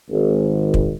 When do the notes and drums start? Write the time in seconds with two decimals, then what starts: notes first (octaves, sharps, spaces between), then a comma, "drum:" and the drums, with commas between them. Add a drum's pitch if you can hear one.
0.10 G#1
0.74 drum: kick